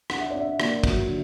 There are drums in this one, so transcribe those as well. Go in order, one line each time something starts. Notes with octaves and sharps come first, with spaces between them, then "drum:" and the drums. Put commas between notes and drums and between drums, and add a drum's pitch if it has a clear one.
D4 F#5, drum: rim click
E5
D4 D5
E5
A#3, drum: rim click
F#3, drum: kick, cymbal
D3